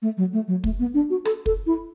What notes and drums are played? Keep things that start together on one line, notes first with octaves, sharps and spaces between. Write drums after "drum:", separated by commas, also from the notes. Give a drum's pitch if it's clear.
A3
F#3
A3
F#3
A3, drum: kick
B3
D4
F#4
A4, drum: rim click
A4, drum: kick
E4